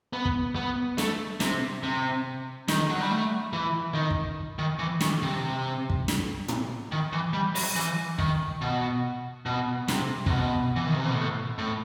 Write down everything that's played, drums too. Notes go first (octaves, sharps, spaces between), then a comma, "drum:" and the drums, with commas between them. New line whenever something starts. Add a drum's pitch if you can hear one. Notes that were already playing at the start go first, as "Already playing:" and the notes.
B3
drum: kick
B3
A3, drum: snare
C3, drum: snare
C3
D#3, drum: snare
F#3
G3
A3
E3
D#3
drum: kick
D#3
E3
D#3, drum: snare
C3
drum: kick
drum: snare
drum: tom
D#3
E3
G3
F#3, drum: open hi-hat
E3
D#3, drum: kick
B2
B2
C3, drum: snare
C3, drum: kick
B2
E3
D#3
C3
B2
A2
A2